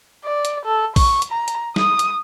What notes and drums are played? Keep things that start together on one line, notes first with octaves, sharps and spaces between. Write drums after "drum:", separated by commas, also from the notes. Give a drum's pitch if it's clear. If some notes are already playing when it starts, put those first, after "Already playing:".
D5
drum: hi-hat
A4
C#6, drum: kick, open hi-hat
drum: hi-hat
A#5
drum: hi-hat
D#6, drum: snare
drum: hi-hat